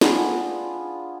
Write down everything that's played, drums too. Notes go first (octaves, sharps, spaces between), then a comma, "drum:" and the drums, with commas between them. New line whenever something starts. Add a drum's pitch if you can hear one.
B3 D4 F4 G#4, drum: snare